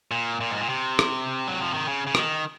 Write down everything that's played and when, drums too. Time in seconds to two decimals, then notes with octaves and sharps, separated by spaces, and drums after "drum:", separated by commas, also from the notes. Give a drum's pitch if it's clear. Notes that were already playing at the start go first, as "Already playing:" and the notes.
0.11 A#2
0.41 A#2
0.51 G#2
0.60 A#2
0.69 C3
0.99 drum: rim click
1.48 F#3
1.61 F3
1.74 D#3
1.87 C#3
2.07 C#3
2.15 D#3, drum: rim click